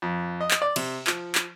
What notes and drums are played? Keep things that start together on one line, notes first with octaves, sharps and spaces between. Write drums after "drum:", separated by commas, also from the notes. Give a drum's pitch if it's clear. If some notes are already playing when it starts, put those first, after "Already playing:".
F2
D#5
drum: clap
D5
C3, drum: cymbal
F3, drum: clap
drum: clap